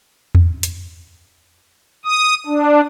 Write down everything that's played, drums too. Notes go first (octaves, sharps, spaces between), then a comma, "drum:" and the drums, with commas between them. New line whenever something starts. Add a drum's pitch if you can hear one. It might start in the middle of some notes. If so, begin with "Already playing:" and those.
drum: tom E2
drum: hi-hat
D#6
D4